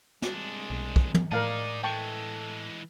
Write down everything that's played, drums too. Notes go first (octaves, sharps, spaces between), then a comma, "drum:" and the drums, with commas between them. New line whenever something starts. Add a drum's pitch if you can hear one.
C2 G#3 D4, drum: snare
B1
drum: kick
drum: tom
A2 D#4 G#4 A#4 D5 F5 A5
E3 G#3 A4 G5 A5 C#6